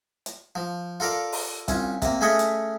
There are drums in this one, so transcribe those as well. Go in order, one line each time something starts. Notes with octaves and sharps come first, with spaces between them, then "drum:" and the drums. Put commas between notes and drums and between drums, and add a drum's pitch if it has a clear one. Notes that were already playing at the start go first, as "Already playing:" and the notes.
drum: hi-hat
F3
F4 A4 A#4 D5 F5
drum: open hi-hat
C2 C#4 F4, drum: kick, hi-hat
C3 A#3, drum: kick, hi-hat
A3 C#4 G#4 B4 D#5 C#6
drum: hi-hat